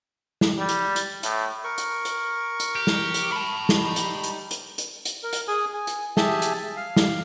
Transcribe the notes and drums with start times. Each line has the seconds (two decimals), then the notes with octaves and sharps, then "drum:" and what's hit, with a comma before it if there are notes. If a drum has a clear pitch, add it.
0.41 drum: snare
0.59 G3
0.69 drum: hi-hat
0.96 drum: hi-hat
1.23 A2, drum: hi-hat
1.64 A#4 C#6
1.78 drum: hi-hat
2.05 drum: hi-hat
2.60 drum: hi-hat
2.75 G4
2.87 drum: snare
3.14 drum: hi-hat
3.32 A5 B5
3.69 drum: snare
3.83 G3 D#4
3.96 drum: hi-hat
4.24 drum: hi-hat
4.51 drum: hi-hat
4.78 drum: hi-hat
5.05 drum: hi-hat
5.23 A#4
5.33 drum: hi-hat
5.48 G#4 G#5 D#6
5.74 G#5
5.87 drum: hi-hat
6.17 G4 G#4 E5 G#5 A5, drum: snare
6.42 drum: hi-hat
6.77 F5
6.96 drum: snare